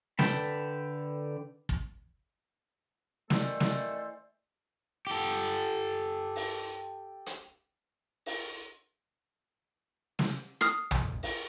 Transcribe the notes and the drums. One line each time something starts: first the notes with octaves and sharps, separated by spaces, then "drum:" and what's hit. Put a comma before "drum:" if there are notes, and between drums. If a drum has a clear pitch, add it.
D3 B4 G5 A5 B5, drum: snare
drum: kick
D#3 E3 A3 A4 C5 D5, drum: snare
drum: snare
G4 A4
drum: open hi-hat
drum: hi-hat
drum: open hi-hat
drum: snare
D#6 F6 C7, drum: rim click
drum: tom
drum: open hi-hat